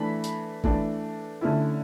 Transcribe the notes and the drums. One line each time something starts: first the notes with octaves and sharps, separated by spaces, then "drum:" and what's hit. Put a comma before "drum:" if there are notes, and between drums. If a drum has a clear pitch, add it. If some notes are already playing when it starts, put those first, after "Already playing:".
Already playing: E3 A3 D4 B5
drum: hi-hat
E3 A3 D4, drum: kick G1
D3 A3 C#4 E4